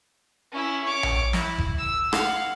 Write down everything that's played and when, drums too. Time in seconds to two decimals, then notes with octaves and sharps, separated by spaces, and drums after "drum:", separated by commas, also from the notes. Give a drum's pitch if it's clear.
0.52 C#4 E4
0.84 C#5 D6
1.03 drum: tom A#1
1.33 E4, drum: snare
1.58 drum: kick F#1
1.77 E6
2.13 F5 F#5, drum: rim click